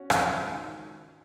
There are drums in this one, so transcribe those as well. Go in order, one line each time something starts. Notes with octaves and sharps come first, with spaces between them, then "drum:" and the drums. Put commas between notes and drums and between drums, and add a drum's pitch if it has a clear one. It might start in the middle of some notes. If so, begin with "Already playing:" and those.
Already playing: C#4 F#4
C#3, drum: rim click
C#2
D#3